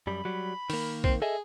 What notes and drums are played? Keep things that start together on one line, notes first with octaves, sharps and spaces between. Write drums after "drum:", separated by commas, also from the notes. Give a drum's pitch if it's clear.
F#2 G3 B5
F#3 G3
D#3 A#3, drum: open hi-hat
C4, drum: kick B1
G#4 A4 D#5 E5